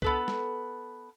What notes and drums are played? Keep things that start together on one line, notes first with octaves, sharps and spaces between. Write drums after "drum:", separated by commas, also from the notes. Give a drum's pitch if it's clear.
B3 A4 B4, drum: kick C2
drum: snare